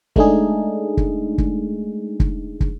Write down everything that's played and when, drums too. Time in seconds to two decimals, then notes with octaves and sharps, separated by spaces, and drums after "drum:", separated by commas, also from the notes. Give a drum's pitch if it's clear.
0.16 G#3 A3 D4 D#4 G#4, drum: kick
0.97 drum: kick
1.38 drum: kick
2.20 drum: kick
2.60 drum: kick